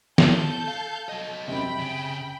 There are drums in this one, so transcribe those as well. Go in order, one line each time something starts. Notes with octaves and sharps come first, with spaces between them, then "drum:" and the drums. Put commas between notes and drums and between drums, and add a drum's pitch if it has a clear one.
A4 A5 G6, drum: snare
F5
F#3 D#5
F#2 C3 G5 B5
C#3